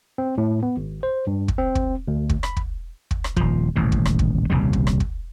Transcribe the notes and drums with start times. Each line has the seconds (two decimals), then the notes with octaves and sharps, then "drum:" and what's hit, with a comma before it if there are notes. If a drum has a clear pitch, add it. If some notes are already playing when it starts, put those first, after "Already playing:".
0.18 C4
0.38 A2
0.63 B3
0.77 G#1
1.03 C5
1.27 G2
1.48 drum: kick
1.58 C4
1.75 drum: kick
2.08 D2
2.30 drum: kick
2.43 B5, drum: rim click
2.57 drum: kick
3.11 drum: kick
3.24 drum: rim click
3.37 D#1 F3, drum: kick
3.76 D#1 A1 A2 C3
3.92 drum: kick
4.05 drum: rim click
4.19 drum: kick
4.50 D#1 C2 C#3 G3
4.73 drum: kick
4.87 drum: rim click
5.00 drum: kick